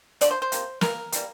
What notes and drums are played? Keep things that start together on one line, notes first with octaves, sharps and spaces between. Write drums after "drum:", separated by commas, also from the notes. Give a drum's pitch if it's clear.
D3 F3 A3 D5, drum: hi-hat
C5
C5
C3 F3 A#3, drum: hi-hat
E3 A#3 A#4, drum: snare
E3 G3 A#3, drum: hi-hat